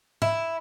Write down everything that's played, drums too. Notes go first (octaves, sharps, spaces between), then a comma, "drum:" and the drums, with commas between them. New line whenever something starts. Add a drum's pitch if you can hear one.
E4, drum: tom